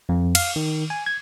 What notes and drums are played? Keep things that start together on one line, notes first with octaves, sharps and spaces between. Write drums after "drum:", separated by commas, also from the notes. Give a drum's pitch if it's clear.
F2
F5, drum: cymbal
D#3
G#5
G#6